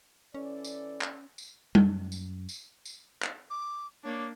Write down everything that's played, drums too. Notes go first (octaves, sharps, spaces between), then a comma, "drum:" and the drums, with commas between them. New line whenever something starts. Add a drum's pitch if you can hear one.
E3 C#4 A4 D5
drum: tambourine
drum: clap
drum: tambourine
F#2, drum: tom G3
drum: tambourine
drum: tambourine
drum: tambourine
drum: clap
D6
A#3 D4 C#5